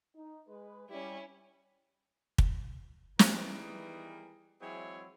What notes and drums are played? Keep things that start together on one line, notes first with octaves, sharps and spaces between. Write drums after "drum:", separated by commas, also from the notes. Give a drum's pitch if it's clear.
D#4
G#3 B4
G3 C#4 E4
drum: kick
D#3 E3 G3 B3 G#4 A#4, drum: snare
E3 F#3 G#3 C4 E4 C#5